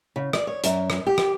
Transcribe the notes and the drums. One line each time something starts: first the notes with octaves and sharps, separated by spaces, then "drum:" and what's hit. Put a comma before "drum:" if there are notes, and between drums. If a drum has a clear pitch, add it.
C#3
D5, drum: rim click
C#5
F#2, drum: hi-hat
drum: rim click
G4
drum: rim click